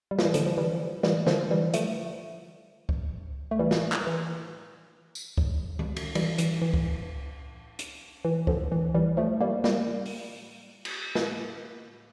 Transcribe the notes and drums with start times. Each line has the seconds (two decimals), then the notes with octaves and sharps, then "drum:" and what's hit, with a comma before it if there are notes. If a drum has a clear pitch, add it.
0.11 G3
0.19 F3, drum: snare
0.25 E3 G3
0.34 D3 F3, drum: hi-hat
0.46 F3
0.57 E3 G3
1.03 E3 G3, drum: snare
1.27 D3 F3, drum: snare
1.51 E3 G3
1.74 F3 A3, drum: hi-hat
2.89 drum: kick C2
3.51 A3
3.59 E3 G3
3.71 drum: snare
3.92 drum: clap
4.07 E3
5.15 drum: tambourine
5.38 drum: kick C2
5.79 drum: tom D#3
5.96 drum: cymbal
6.15 E3 G3, drum: cymbal
6.38 E3, drum: hi-hat
6.62 E3
6.74 drum: kick C2
7.79 drum: hi-hat
8.25 E3
8.47 D3 F3, drum: kick C2
8.72 E3
8.95 E3 G3
9.17 F3 A3
9.40 G3 A#3
9.64 G3 A#3, drum: snare
10.06 drum: open hi-hat
10.85 drum: cymbal
11.15 drum: snare